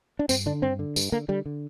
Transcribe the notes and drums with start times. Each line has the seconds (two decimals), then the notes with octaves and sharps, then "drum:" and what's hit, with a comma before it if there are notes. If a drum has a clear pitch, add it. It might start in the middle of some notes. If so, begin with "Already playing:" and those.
0.19 D4
0.29 G2 C4, drum: tambourine
0.46 D3 D4
0.62 G2 C4
0.79 D3
0.96 G2, drum: tambourine
1.12 D3 A#3
1.28 D3 G3
1.46 D3